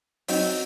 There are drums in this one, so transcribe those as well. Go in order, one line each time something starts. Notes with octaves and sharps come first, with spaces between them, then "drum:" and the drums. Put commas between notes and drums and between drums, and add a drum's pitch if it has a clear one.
F#3 C4 D#4 F#4, drum: open hi-hat